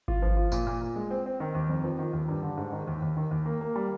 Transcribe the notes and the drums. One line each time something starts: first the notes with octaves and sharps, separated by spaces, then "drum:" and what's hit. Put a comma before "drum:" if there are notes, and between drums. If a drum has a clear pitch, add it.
F4, drum: kick G#1
F3
F4
A#2, drum: tambourine
A#2
A#2
G#3
C4
C4
D#3
D#2
F2
F3
D#3
D#2
G2
D3
G#2
D#3
D#2
D#2
D#3
D#2
A#3
A#3
G3